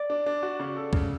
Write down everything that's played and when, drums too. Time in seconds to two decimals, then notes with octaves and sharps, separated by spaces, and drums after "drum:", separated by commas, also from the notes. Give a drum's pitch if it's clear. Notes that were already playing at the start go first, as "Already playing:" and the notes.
Already playing: D5
0.10 D4
0.26 D4
0.43 F#4
0.60 C#3
0.77 A4
0.93 C#3, drum: kick C#2